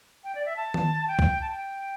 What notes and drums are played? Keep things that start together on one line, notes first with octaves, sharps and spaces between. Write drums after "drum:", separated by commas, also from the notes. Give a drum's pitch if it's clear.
G5
D5
E5
A5
drum: tom D#3
G5
drum: kick
A5
G5